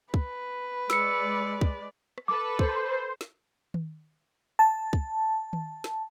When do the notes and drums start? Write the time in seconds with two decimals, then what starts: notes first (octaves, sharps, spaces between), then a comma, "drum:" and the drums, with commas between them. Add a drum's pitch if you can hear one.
0.14 B4, drum: kick
0.90 G#3 D5 E6 C#7, drum: snare
1.61 drum: kick
2.18 drum: rim click
2.28 A4 B4 D6
2.59 C5, drum: kick
3.21 drum: snare
3.74 drum: tom D#3
4.59 A5
4.93 drum: kick
5.53 drum: tom D#3
5.84 drum: snare